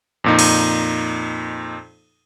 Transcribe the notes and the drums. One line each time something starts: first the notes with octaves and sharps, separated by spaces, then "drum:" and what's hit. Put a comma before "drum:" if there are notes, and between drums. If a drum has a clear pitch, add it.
F2 A#2 D#4
drum: cymbal